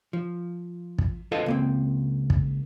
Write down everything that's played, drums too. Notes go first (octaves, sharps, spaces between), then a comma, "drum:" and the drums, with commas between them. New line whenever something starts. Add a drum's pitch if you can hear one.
F3
drum: kick
F4 A4 B4 C5 D#5 F5
C#2 A#3 C4
drum: kick